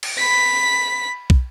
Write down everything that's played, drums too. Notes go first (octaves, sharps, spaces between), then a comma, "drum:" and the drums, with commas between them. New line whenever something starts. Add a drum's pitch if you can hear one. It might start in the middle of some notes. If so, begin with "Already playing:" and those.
drum: cymbal
B5 B6
drum: kick